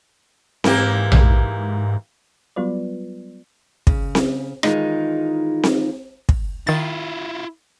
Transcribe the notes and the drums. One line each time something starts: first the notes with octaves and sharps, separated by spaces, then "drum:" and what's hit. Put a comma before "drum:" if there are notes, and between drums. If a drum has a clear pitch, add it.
G#2 E3 A#3 G4, drum: snare C4
drum: tom A#1
F#3 G3 B3 F4 B4 D5
C#3, drum: kick
drum: snare C4
D#3 E3 G#3 D#4 F4, drum: rim click
drum: snare C4
drum: kick
D#3 E4 F4 A6